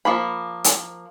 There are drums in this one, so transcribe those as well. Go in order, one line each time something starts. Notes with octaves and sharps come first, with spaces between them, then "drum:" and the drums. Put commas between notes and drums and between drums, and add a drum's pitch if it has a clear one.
F3 A#3 B5
drum: hi-hat